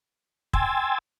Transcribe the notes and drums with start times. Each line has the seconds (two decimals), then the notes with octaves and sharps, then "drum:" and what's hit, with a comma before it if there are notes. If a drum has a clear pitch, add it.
0.53 G5 G#5 C6 E6 G#6 A6, drum: kick